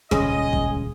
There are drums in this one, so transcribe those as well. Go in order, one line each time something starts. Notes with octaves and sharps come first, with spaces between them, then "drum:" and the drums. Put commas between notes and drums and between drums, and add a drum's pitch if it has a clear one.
D#1 C#2 G#3 C#4 G#4 D#5, drum: snare
drum: kick